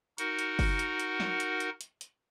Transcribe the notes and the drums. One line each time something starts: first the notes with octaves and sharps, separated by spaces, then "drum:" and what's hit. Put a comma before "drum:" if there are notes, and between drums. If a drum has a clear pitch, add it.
D#4 F#4 A#4 F#5, drum: hi-hat
drum: hi-hat
drum: kick F#1, open hi-hat
drum: hi-hat
drum: hi-hat
drum: snare
drum: hi-hat
drum: hi-hat
drum: hi-hat
drum: hi-hat